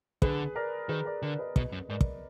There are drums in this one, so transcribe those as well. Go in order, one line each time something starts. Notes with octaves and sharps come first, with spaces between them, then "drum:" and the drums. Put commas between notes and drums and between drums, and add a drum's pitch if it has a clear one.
D3 G#4 B4, drum: kick
A#4 D5
D#3 G#4 B4
A#4 D5
D3 A#4 D5
B4 D#5
B2 B4 D#5, drum: kick
F#2
G#2 A#4 D5
drum: kick